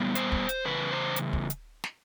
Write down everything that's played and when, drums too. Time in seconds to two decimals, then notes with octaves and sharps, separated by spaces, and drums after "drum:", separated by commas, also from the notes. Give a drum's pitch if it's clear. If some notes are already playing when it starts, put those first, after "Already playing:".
Already playing: A#2 G3 B3
0.15 C5, drum: hi-hat
0.32 drum: kick
0.49 drum: hi-hat
0.65 E2 C#3 B4
0.91 C5
1.16 drum: hi-hat
1.33 drum: kick
1.50 drum: hi-hat
1.84 drum: snare